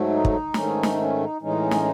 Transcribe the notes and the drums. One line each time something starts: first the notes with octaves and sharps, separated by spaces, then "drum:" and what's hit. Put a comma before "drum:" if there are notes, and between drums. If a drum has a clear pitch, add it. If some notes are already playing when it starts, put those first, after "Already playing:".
Already playing: G#2 F#3 A3
D#4
drum: kick
G#2 D#3 A3 C#4, drum: snare
drum: snare
C#4
D#4
A2 E3 G#3 C#4 D#4
drum: snare